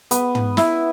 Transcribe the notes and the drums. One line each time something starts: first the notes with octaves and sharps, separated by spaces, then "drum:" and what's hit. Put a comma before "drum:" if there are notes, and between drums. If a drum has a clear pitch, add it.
B3, drum: hi-hat
drum: tom
E4, drum: snare